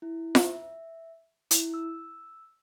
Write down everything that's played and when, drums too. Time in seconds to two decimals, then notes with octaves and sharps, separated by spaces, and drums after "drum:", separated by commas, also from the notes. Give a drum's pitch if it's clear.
0.02 E4
0.35 E5, drum: snare F4
1.51 E4, drum: hi-hat
1.74 E6